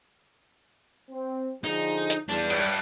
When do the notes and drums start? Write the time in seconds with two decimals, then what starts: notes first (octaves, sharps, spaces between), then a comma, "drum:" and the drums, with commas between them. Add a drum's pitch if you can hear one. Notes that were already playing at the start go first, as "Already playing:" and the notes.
1.11 C4
1.64 D3 F3 D#4 G#4
2.10 drum: hi-hat
2.29 E2 G3 D4
2.50 drum: cymbal